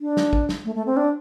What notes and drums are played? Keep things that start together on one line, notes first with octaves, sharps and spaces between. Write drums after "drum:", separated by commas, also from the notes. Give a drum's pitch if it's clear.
D4
drum: snare
drum: kick
drum: snare
A3
A3
C4
D4